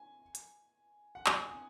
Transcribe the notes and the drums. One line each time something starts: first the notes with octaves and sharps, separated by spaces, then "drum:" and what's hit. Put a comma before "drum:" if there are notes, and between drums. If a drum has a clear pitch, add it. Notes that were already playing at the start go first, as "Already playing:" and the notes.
Already playing: G#5
drum: hi-hat
F#5
G#5, drum: clap
G#5
D#6